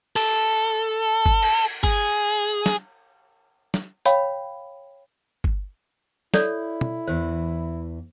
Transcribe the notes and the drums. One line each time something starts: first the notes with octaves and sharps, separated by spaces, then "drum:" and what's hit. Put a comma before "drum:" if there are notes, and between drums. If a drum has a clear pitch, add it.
A4, drum: cymbal
drum: kick G1
drum: cymbal
G#4, drum: kick G1
drum: snare
drum: snare
C#5 F5 G5 B5, drum: hi-hat
drum: kick G1
E4 A4 C#5 D5, drum: snare
drum: tom
E2 E3 C5